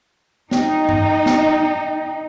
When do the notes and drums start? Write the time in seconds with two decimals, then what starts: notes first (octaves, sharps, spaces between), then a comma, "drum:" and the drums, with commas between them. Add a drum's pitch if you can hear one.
0.51 D#4 G5, drum: snare
0.89 drum: tom G2
1.26 drum: snare